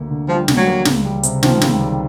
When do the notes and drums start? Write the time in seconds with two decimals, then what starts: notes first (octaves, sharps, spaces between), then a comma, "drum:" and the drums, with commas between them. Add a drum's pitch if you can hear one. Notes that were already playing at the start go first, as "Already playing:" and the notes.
Already playing: D2 A#3
0.10 D3
0.28 F3 G3
0.48 D2, drum: snare
0.57 F#3
0.67 A#3
0.85 C#2, drum: snare
1.05 G3
1.23 C3, drum: hi-hat
1.43 D#3 F3, drum: snare
1.61 C#2, drum: snare
1.81 G3